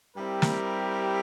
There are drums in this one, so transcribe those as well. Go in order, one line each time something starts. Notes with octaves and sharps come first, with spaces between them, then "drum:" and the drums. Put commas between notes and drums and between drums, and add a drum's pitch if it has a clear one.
G3 C4 E4 G4 A#4
drum: snare